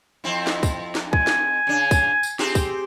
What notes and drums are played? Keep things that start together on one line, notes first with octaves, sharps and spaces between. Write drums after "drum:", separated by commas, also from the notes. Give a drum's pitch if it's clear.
F2 C4 E4
drum: snare
drum: kick, tambourine
drum: snare
G#5, drum: kick
drum: snare
C#3 D4
drum: kick, tambourine
drum: tambourine
C4 G4 G#4, drum: snare
drum: kick, tambourine